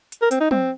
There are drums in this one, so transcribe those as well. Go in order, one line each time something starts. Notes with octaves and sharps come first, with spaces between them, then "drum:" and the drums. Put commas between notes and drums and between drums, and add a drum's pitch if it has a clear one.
drum: hi-hat
A#4
C4, drum: hi-hat
D#4
C4, drum: tom